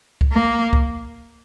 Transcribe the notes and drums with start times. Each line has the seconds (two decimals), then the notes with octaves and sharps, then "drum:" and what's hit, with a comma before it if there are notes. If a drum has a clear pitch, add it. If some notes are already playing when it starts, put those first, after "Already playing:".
0.21 drum: kick
0.32 A#3
0.73 drum: kick